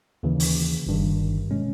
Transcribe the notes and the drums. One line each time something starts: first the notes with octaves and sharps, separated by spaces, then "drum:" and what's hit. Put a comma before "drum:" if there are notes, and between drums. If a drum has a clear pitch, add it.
D#2 C#3 E3
drum: open hi-hat
G1 G2 D#3
B2 G#3 C#4